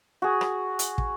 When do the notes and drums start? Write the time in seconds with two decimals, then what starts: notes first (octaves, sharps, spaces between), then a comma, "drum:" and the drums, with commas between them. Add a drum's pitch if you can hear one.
0.22 F#4 G#4
0.41 drum: rim click
0.79 drum: hi-hat
0.98 drum: kick